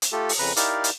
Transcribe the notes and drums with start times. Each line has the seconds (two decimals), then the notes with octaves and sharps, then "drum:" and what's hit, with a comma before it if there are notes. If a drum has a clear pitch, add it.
0.02 drum: hi-hat
0.12 A3 F4 G4 A4
0.29 drum: open hi-hat
0.39 F2 C#3 B4 A#5 B5
0.56 D#4 E4 G4 A#4 D5 F5, drum: hi-hat
0.84 drum: hi-hat